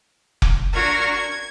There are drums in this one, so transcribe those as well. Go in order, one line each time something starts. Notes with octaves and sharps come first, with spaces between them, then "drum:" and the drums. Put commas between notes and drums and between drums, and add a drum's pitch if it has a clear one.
drum: kick F1
D4 F#4 A#4 C#6 G#6
G#6